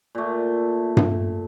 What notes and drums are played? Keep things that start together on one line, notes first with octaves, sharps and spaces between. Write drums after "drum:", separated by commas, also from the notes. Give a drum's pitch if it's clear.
A#2 A3
drum: tom G2